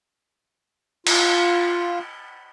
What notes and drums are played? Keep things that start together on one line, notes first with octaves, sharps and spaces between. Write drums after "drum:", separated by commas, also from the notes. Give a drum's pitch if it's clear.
F4, drum: cymbal